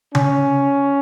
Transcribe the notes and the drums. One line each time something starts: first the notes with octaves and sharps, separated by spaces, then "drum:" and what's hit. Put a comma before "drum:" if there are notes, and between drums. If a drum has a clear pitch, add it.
C#4, drum: tom C#3